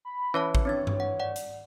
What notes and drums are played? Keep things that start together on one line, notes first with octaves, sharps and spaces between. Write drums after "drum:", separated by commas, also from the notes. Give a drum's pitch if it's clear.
B5
E3 C#4 C#5 A5
drum: kick A1
C4 D4 C#5 A6
drum: tom G2
F#5
D5 F#5
drum: hi-hat